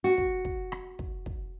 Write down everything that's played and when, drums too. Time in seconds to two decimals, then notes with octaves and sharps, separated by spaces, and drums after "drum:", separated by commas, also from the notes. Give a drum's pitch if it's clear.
0.04 F#4
0.18 drum: kick
0.45 drum: kick
0.72 drum: rim click
0.99 drum: kick
1.26 drum: kick